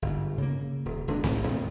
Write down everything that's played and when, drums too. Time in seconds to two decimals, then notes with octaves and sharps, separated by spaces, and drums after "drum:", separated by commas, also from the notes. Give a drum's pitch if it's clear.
0.02 G1 G#2
0.38 C#3 A#3
0.85 D#1
1.08 D#1 D2 G#3 D4
1.24 D#1 B1 A2 D#3, drum: snare C4
1.48 E2 A#2 D#3 A3